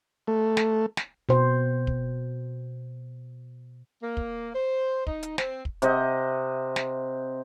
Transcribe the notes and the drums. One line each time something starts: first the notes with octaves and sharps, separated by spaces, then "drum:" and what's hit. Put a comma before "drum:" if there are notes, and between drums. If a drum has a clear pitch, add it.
A3
drum: snare
drum: snare
B2 C5
drum: kick
A#3
drum: kick
C5
D#4, drum: kick
drum: hi-hat
C4, drum: snare
drum: kick
C3 C5 D#5 F#5, drum: hi-hat
drum: snare